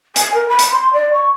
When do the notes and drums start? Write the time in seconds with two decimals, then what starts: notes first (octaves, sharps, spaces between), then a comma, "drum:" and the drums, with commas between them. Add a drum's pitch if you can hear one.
0.16 G#5, drum: hi-hat
0.34 A#4
0.49 B5
0.59 drum: hi-hat
0.72 C6
0.93 D5
1.13 C#6